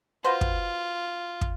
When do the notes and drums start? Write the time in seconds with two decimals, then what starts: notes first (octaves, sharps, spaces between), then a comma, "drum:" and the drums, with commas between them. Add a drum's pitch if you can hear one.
0.24 F4 F#4 B4 C5
0.41 drum: kick
1.41 drum: kick